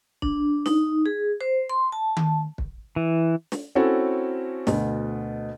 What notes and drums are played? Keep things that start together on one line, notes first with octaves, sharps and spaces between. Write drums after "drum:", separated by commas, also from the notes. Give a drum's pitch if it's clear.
D4, drum: kick
D#4, drum: snare
G#4
C5
C6
A5
drum: tom D#3
drum: kick
E3
drum: snare
C4 C#4 E4 F#4 A4 C#5
D2 B2, drum: snare